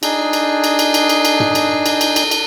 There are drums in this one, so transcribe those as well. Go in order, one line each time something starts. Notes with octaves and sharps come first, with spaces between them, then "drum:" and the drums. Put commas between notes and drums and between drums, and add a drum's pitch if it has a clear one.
D4 D#4 G#4, drum: cymbal
drum: cymbal
drum: cymbal
drum: cymbal
drum: cymbal
drum: cymbal
drum: cymbal
drum: tom
drum: cymbal
drum: cymbal
drum: cymbal
drum: cymbal
drum: cymbal